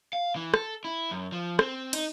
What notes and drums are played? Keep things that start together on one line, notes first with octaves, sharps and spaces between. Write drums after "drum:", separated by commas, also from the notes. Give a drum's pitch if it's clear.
F5
E3
A4, drum: rim click
E4
F#2
F3
C4, drum: rim click
D#4, drum: cymbal